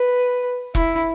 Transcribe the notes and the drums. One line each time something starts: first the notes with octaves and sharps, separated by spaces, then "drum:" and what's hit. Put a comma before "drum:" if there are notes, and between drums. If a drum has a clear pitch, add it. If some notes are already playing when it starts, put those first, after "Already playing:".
Already playing: B4
E4, drum: kick E1